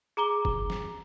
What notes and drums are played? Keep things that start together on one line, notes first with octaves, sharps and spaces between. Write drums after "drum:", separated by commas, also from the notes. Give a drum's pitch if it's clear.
G#4 A#5 D6 G7
drum: kick F#1
drum: snare